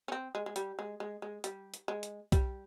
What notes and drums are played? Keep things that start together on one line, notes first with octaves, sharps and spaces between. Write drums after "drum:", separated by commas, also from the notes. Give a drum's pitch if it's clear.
C#4
C4
G#3
G#3
G3, drum: hi-hat
G#3
G#3
G#3
G3, drum: hi-hat
drum: hi-hat
G#3
drum: hi-hat
G3, drum: kick B1, hi-hat